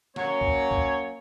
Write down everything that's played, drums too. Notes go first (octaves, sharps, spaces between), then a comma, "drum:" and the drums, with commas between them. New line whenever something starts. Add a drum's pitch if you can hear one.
F#3 A#3 C#4 C#5, drum: snare
drum: kick
drum: kick